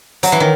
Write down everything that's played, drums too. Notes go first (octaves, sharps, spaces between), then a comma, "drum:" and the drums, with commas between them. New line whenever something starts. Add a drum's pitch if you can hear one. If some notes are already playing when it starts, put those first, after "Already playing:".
F#3, drum: hi-hat
E3
D#3